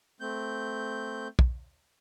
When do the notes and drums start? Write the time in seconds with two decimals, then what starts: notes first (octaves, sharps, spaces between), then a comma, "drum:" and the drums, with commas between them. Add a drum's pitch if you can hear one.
0.21 A3 C4 G6
1.39 drum: kick